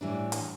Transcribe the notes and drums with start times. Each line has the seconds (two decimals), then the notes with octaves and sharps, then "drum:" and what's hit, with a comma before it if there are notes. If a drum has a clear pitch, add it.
0.01 A2 E3 G3 D4
0.32 drum: hi-hat